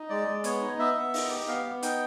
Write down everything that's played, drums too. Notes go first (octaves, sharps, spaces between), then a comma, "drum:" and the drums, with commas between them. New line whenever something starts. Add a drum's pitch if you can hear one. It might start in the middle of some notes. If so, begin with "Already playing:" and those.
Already playing: D#4
G#3 D5
G#3
B3 C#5, drum: hi-hat
D#4
B3 E5
B3
D#4, drum: open hi-hat
G4
B3 F5
B3
D#4 G5, drum: hi-hat